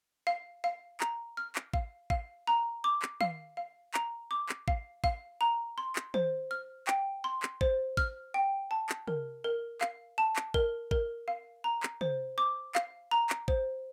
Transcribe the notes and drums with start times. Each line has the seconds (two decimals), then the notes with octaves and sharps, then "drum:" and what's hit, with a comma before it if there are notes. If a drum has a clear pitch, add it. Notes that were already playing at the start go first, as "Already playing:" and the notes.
0.27 F5
0.64 F5
1.00 A#5, drum: clap
1.37 F6
1.55 drum: clap
1.74 F5, drum: kick G#1
2.10 F5, drum: kick G#1
2.47 A#5
2.84 D6
3.02 drum: clap
3.21 F5, drum: tom
3.57 F5
3.94 A#5, drum: clap
4.31 D6
4.49 drum: clap
4.68 F5, drum: kick G#1
5.04 F5, drum: kick G#1
5.41 A#5
5.78 C6
5.96 drum: clap
6.14 C5, drum: tom
6.51 F6
6.87 G5, drum: clap
7.24 C6
7.42 drum: clap
7.61 C5, drum: kick G#1
7.97 F6, drum: kick G#1
8.34 G5
8.71 A5
8.89 drum: clap
9.08 A#4, drum: tom
9.44 A#4
9.81 F5, drum: clap
10.18 A5
10.36 drum: clap
10.54 A#4, drum: kick G#1
10.91 A#4, drum: kick G#1
11.28 F5
11.64 A#5
11.83 drum: clap
12.01 C5, drum: tom
12.38 D6
12.75 F5, drum: clap
13.11 A#5
13.30 drum: clap
13.48 C5, drum: kick G#1